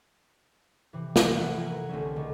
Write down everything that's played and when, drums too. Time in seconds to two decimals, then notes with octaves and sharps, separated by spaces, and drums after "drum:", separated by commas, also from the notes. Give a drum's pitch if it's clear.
0.93 C3 E3
1.16 F3, drum: snare
1.36 A3 E4 F5 F#5
1.60 A#4 F#5 G#5
1.89 C2 D3 A3 C#4
2.16 C#2